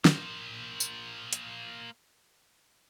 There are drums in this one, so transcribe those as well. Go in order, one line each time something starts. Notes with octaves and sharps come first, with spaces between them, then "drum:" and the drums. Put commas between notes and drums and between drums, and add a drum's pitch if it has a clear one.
A#3 C5, drum: snare
drum: tambourine
drum: hi-hat